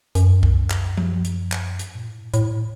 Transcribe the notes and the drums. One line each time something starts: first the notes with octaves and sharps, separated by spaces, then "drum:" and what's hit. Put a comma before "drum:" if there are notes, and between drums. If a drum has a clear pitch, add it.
F#2, drum: hi-hat
drum: kick C2
drum: clap
drum: tom F3
drum: hi-hat
drum: clap
G2, drum: hi-hat
A#2
A2
A2, drum: hi-hat